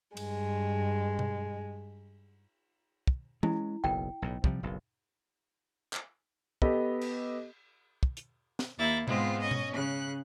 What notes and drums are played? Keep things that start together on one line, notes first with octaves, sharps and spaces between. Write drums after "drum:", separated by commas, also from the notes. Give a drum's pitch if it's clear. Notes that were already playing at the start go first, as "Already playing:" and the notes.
G2 G#3, drum: cymbal
drum: tom B2
drum: kick
G#3 C#4 E4, drum: tom E3
F#1 B1 G5
B1 A2
C3 F3 G3, drum: kick
F#1 B1
drum: clap
B3 G4 A4 D#5, drum: kick
drum: cymbal
drum: kick
drum: hi-hat
drum: snare
D#2 A#3 E4 A6
G#2 G#3 B3 C4 F4, drum: tom B2
C#4 D#5
drum: tom B2
C#3 F#6